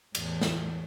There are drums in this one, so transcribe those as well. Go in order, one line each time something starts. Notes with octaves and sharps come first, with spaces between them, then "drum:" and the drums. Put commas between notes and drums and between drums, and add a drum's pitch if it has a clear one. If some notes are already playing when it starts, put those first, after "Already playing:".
E2 A2, drum: cymbal
drum: snare